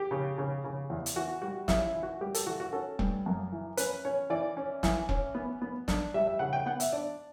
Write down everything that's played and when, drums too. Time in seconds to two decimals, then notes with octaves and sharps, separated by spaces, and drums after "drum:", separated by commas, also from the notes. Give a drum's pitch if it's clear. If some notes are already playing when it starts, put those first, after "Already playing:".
Already playing: G4
0.11 C#3
0.38 C#3
0.64 C#3
0.90 E2
1.06 drum: hi-hat
1.16 E3 F#4
1.42 G3 F#4
1.68 C#4 E4, drum: snare
1.86 E4
1.95 E3
2.03 F#4
2.21 G3 G4
2.34 A4, drum: hi-hat
2.47 E3 F#4
2.60 F#4
2.73 C#4 A4
2.99 G2, drum: kick E1
3.26 F#2
3.52 E3
3.77 C#4 B4, drum: hi-hat
4.05 C#4 C#5
4.30 E3 D5
4.57 C#4
4.83 E3, drum: snare
5.09 C#4, drum: kick E1
5.35 B3
5.62 B3
5.88 D4, drum: snare
6.14 G3 E5
6.27 E5
6.39 C#3 F#5
6.53 G5
6.66 B3 F#5
6.80 E5, drum: hi-hat
6.93 D4 D5